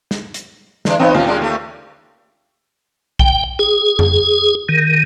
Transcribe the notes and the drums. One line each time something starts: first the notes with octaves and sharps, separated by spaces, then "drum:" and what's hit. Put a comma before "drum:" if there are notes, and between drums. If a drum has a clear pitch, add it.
drum: snare
drum: hi-hat
D3 E3 D4, drum: snare
E3 B3 C4 D#4 C#5
D#2 B2 C#4 F4
G#3 A#3 D4
A3 G4
G5, drum: kick B1
G#4
drum: tom F2
D#3